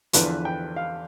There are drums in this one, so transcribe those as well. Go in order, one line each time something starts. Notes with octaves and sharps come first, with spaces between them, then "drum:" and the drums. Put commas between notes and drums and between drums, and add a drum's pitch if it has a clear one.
E2 D3 F3 B4, drum: hi-hat
G5
F5